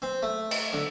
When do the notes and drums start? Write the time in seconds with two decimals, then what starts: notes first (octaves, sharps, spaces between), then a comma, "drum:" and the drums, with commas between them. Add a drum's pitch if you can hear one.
0.02 C4
0.23 A3
0.51 drum: cymbal
0.73 D3